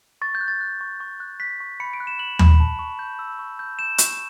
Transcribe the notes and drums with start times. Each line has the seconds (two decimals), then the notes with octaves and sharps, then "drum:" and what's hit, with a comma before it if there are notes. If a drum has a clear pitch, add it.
0.22 C#6 A6
0.35 G6
0.41 F#6
0.48 A6
0.61 F#6
0.81 C#6
1.00 C#6
1.20 F#6
1.40 F#6 B6
1.60 C#6
1.80 B5 C#7
1.93 D7
2.00 F#6
2.07 E7
2.19 F#6 F#7
2.39 B5, drum: tom D#2
2.60 A5
2.79 C#6
2.99 G6
3.19 E6
3.39 C#6
3.59 G6
3.79 G6 E7
3.98 C#6, drum: hi-hat